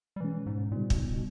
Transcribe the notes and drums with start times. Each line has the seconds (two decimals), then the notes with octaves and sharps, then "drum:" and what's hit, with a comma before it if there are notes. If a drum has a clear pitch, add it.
0.16 G3
0.20 B2 E3 G#3 C#4
0.46 G#2
0.72 A#2 C#3 G3 B3 D#4
0.90 B2, drum: kick
0.98 A#2
1.13 B2